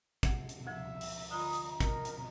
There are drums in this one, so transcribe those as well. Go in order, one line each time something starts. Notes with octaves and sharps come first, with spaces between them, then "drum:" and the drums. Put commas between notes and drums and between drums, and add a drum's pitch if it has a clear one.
F#5 G#6, drum: kick, hi-hat
drum: hi-hat
D2 F3 E5
drum: open hi-hat
D3 D#4 F4 B5 D#6
drum: hi-hat
D#4 A#4, drum: kick, hi-hat
drum: hi-hat